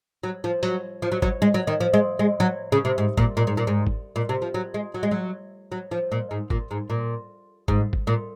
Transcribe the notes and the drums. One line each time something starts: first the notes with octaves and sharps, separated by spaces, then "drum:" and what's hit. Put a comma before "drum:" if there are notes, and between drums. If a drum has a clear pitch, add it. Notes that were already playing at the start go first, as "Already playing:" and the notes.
F#3
F3
F#3, drum: hi-hat
F3
F#3
F#3, drum: kick G#1
G#3
F#3
D#3
F3
G#3
G#3
F#3
C#3
C3
G#2
A#2, drum: kick G#1
A#2
G#2
A#2
G#2
drum: kick G#1
A#2
C3
F3
F#3
G#3
F#3
G#3
F#3
F#3
F3
A#2
G#2
A#2, drum: kick G#1
G#2
A#2
G#2, drum: kick G#1
drum: kick G#1
A#2